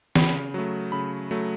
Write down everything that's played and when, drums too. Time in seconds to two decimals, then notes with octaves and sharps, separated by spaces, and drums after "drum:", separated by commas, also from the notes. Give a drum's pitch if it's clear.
0.16 C#3 B5, drum: snare
0.54 F#3 A3
0.92 C#3 B5
1.31 F#3 A3